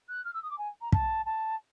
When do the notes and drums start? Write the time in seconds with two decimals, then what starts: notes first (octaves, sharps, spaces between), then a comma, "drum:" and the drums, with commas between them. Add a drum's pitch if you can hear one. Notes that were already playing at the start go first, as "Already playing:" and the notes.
0.08 F#6
0.25 F6
0.34 E6
0.42 D#6
0.50 D6
0.58 G#5
0.81 A#5
0.92 A5, drum: kick
1.25 A5